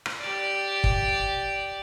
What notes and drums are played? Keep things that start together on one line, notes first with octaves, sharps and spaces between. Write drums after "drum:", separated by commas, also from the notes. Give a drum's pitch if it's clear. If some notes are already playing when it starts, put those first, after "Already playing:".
drum: rim click
G4 D5
drum: kick